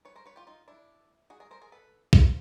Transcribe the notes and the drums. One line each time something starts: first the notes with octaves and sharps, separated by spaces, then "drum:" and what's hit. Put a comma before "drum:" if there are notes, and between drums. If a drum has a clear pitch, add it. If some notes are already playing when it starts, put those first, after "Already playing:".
B4 C#5
A#4 C5
B4 C#5
F4 G4
D#4 F4
D4 E4
F#4 G#4
G#4 A#4
A#4 C5
G#4 A#4
A4 B4
A#4 C5, drum: kick